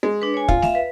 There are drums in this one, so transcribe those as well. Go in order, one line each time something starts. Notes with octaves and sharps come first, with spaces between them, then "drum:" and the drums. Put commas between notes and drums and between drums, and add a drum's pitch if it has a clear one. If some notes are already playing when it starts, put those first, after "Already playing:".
G#3
D4 B4
C#5 G#5
F4 G#5, drum: kick
E5 F5, drum: snare A3
B4